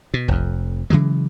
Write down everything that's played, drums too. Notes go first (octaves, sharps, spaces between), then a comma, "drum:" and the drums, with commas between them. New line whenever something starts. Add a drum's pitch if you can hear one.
B2
F1 F2, drum: kick A#1
C#3 E3 F#3 G#3